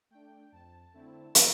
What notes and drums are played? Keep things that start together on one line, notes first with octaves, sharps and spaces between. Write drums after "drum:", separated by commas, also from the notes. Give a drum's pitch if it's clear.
A3 D4 G5
F2 A5
D3 A3 C4 E4
drum: hi-hat